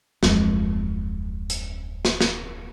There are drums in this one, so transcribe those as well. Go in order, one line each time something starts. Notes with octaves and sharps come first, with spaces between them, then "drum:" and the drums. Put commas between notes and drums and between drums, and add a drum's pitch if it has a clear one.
D1 F2 G#3, drum: snare
drum: hi-hat
drum: snare
drum: snare